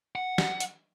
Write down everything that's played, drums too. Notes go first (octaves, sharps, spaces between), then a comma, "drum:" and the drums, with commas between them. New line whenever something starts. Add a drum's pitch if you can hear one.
F#5
drum: snare
drum: hi-hat